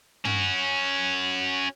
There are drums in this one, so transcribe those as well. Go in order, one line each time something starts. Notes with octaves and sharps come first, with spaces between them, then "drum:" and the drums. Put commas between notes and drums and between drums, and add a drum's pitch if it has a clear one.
C#4 F#4, drum: tom